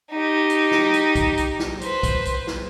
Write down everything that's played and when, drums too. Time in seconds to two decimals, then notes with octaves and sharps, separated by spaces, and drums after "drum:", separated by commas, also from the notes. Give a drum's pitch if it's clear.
0.12 D#4 G4
0.50 drum: hi-hat
0.72 drum: snare
0.94 drum: hi-hat
1.15 drum: kick B1, hi-hat
1.37 drum: hi-hat
1.59 drum: snare
1.81 B4 C5, drum: hi-hat
2.03 drum: kick B1, hi-hat
2.25 drum: hi-hat
2.47 drum: snare